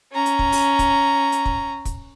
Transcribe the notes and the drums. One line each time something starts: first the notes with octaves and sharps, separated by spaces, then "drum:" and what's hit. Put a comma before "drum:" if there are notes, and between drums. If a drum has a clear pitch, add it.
C#4 A#5
drum: hi-hat
drum: kick
drum: open hi-hat
drum: kick, hi-hat
drum: hi-hat
drum: kick
drum: kick, hi-hat